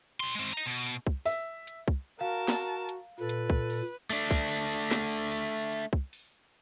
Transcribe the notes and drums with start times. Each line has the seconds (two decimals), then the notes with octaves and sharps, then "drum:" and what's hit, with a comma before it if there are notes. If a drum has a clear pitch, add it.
0.20 G3 C6
0.35 G#3 C4
0.53 D#5 A#5
0.66 B2
0.86 drum: hi-hat
1.07 drum: kick
1.25 E5, drum: open hi-hat
1.67 drum: hi-hat
1.88 drum: kick
2.21 F#4 A#4 F5 A5
2.48 drum: snare
2.89 drum: hi-hat
3.20 A#2 A4 B4
3.29 drum: hi-hat
3.50 drum: kick
3.70 drum: open hi-hat
4.10 A3 D4, drum: hi-hat
4.31 drum: kick
4.51 drum: hi-hat
4.91 drum: snare
5.32 drum: hi-hat
5.72 drum: hi-hat
5.93 drum: kick
6.13 drum: open hi-hat